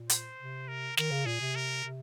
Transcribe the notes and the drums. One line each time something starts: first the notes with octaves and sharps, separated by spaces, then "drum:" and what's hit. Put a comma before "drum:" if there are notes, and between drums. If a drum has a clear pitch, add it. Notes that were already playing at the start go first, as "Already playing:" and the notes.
Already playing: A#2
C5, drum: hi-hat
C3
A#4
D#3 A#4, drum: snare
C#3
A#2 G#4
C3
A#4
C3